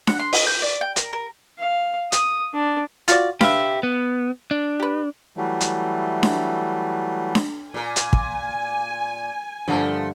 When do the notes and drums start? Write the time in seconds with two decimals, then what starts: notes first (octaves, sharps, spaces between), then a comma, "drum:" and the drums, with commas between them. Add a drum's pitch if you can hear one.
0.07 F#5, drum: snare D4
0.19 C6
0.33 D#5, drum: open hi-hat
0.47 G6
0.62 D5
0.81 G5
0.96 A#4, drum: hi-hat
1.13 A#4
1.59 F5
2.12 D#6, drum: hi-hat
2.54 D4
3.08 F4 F#4 D5, drum: hi-hat
3.41 G4 B4 E5 F5, drum: snare D4
3.83 B3
4.51 D4
4.80 G4 B4
5.37 E3 F#3 G3 A3
5.60 drum: hi-hat
6.23 drum: snare D4
7.35 drum: snare D4
7.74 A#2 A#4 G#5
7.96 drum: hi-hat
8.13 drum: kick
9.68 G2 D3 F3 A3 A#3